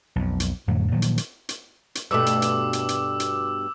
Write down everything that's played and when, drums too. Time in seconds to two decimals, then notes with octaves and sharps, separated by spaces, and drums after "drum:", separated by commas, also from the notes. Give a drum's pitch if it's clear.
0.16 B1 F2
0.40 drum: hi-hat
0.68 F2 A2 D3 F#3
0.91 A#2 D#3 F3 F#3
1.02 drum: hi-hat
1.18 drum: hi-hat
1.49 drum: hi-hat
1.95 drum: hi-hat
2.11 G2 B2 A3 D6 E6
2.26 drum: hi-hat
2.42 drum: hi-hat
2.73 drum: hi-hat
2.89 drum: hi-hat
3.20 drum: hi-hat